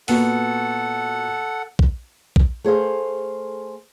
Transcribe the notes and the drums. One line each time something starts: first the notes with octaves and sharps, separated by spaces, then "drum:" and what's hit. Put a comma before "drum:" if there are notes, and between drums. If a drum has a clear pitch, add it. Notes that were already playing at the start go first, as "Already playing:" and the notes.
A#2 B3 F#4 A4 F#5, drum: open hi-hat
drum: kick
drum: kick
A3 G#4 C5 F5